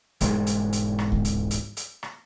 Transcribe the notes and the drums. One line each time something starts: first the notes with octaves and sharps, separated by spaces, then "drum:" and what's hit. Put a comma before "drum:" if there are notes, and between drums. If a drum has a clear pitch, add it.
E1 G#2 G3 G#3, drum: hi-hat
drum: hi-hat
drum: hi-hat
drum: rim click
drum: kick C#2
drum: hi-hat
drum: hi-hat
drum: hi-hat
drum: rim click